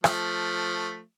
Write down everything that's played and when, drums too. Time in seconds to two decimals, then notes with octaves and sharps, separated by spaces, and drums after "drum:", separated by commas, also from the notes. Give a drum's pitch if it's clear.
0.04 F3 A3, drum: rim click